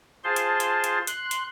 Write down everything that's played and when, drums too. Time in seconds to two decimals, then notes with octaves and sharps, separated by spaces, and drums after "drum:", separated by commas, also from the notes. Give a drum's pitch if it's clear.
0.24 F4 G#4 C5 A5 C6
0.36 drum: hi-hat
0.60 drum: hi-hat
0.84 drum: hi-hat
1.07 C6 F#6, drum: hi-hat
1.31 drum: hi-hat